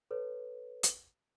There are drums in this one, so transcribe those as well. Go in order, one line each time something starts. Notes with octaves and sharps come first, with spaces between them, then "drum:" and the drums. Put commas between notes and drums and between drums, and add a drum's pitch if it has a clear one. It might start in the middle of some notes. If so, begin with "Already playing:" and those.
A4 B4 C#5
drum: hi-hat